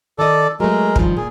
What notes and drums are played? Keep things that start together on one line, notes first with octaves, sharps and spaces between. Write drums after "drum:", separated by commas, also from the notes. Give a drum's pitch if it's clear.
D#3 A4 D5 D#5
F#3 G#3 A3 A#4
G2 D#3 F3, drum: kick
A#2 G#4